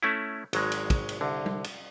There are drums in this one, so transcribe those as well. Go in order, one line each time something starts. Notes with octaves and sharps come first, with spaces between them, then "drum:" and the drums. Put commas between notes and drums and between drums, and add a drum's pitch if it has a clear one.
A3 C#4 E4
G#1 F#3 G#3, drum: cymbal
drum: cymbal
drum: kick, cymbal
drum: cymbal
C2 D3
drum: tom G3
drum: cymbal